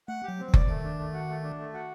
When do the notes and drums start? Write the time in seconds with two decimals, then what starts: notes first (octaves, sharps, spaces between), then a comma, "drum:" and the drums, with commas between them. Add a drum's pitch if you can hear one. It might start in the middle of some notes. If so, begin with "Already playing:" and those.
0.08 A3 F#5
0.24 F#3 G4
0.39 C4
0.48 F#3
0.54 D5, drum: kick F#1
0.68 D#3 A3
0.83 D4
0.98 A3
1.14 F#4
1.28 A3
1.44 D4
1.58 A3
1.73 F#4